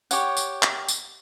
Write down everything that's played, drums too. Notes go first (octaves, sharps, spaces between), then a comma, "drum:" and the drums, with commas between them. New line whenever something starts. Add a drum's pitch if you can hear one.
G4 C#5 F#5, drum: tambourine
drum: tambourine
drum: clap
drum: tambourine